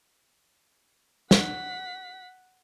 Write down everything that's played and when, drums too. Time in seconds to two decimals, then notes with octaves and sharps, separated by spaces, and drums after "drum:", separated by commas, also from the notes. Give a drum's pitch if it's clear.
1.31 F#5 B6, drum: snare